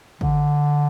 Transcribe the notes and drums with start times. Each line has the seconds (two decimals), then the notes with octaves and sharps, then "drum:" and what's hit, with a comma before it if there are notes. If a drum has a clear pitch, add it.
0.21 D3, drum: kick